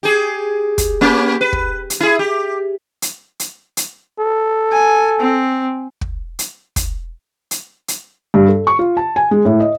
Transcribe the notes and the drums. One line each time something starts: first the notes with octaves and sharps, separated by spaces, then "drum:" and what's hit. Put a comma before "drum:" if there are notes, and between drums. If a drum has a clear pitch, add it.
G4 G#4
drum: kick, hi-hat
A#3 C#4 G4
B4
drum: kick
drum: hi-hat
E4 G#4
G4
drum: hi-hat
drum: hi-hat
drum: hi-hat
A4
G#5
C4
drum: kick
drum: hi-hat
drum: kick, hi-hat
drum: hi-hat
drum: hi-hat
G2
A4
C#6
F4
A5
G#5
G#3
A2
D#5